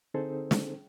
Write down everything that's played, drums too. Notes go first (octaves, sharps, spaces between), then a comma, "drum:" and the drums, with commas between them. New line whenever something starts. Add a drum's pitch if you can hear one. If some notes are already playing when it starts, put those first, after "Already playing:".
D3 C4 D#4 G#4 A4 C5
drum: snare